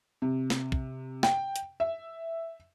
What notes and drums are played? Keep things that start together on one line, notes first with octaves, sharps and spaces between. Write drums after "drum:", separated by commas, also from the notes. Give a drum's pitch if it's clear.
C3
drum: snare
drum: kick
G5, drum: snare
drum: hi-hat
E5